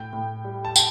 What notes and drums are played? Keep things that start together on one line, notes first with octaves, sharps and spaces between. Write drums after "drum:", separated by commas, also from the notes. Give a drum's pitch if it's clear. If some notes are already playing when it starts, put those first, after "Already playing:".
Already playing: A2 G5
A2
G3
A5
G5, drum: tambourine